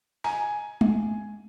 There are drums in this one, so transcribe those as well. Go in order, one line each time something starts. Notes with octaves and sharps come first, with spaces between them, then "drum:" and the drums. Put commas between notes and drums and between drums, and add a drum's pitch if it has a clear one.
G#5 A#5
drum: tom